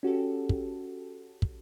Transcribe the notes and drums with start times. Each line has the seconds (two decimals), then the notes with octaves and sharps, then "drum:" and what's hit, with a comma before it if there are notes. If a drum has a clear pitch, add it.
0.03 C#4 F#4 G4 A4
0.49 drum: kick
1.42 drum: kick